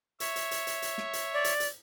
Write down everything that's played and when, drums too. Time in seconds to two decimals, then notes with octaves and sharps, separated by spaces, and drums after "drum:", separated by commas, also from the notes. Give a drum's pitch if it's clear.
0.20 C#5 E5, drum: hi-hat
0.36 drum: hi-hat
0.51 drum: hi-hat
0.67 drum: hi-hat
0.82 drum: hi-hat
0.98 drum: snare
1.13 drum: hi-hat
1.33 D5
1.44 drum: hi-hat
1.60 drum: hi-hat